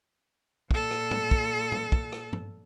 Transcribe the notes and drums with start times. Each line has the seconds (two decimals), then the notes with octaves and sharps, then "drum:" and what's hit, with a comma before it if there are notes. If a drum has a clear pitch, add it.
0.71 A#2 A4, drum: kick
0.91 drum: rim click
1.11 drum: tom
1.31 drum: kick
1.72 drum: tom
1.92 drum: kick
2.12 drum: rim click
2.33 drum: tom